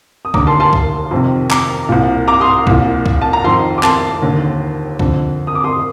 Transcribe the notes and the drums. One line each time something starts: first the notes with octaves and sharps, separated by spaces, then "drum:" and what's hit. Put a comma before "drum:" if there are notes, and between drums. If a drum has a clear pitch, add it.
D#6
D#2 D3 A#5 D6, drum: kick C#2
A5 C6
A5 C6
drum: kick C#2
F2 C3 D#3
A#5 D6, drum: clap
C2 A#2
A#5 D6
C6 D#6
C2 A#2, drum: kick C#2
drum: kick C#2
A5
A#5
F2 D#3 A5 C6
D6
A5 C6, drum: clap
D#2 D3
F2 D3, drum: kick C#2
D#6
D6
C6 D#6